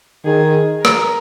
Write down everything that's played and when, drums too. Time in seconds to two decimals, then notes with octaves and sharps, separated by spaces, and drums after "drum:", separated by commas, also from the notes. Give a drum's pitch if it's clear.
0.25 D#3 G#4
0.85 A#4, drum: rim click